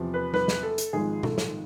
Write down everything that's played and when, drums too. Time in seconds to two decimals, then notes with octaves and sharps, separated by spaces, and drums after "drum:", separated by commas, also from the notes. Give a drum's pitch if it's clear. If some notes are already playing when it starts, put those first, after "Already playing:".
Already playing: E2 C3 F3
0.14 B4
0.34 B4, drum: tom G3
0.48 drum: snare
0.63 A4
0.78 drum: hi-hat
0.93 G#1 G#2 F3 G#3 G#4
1.23 A4, drum: tom B2
1.38 drum: snare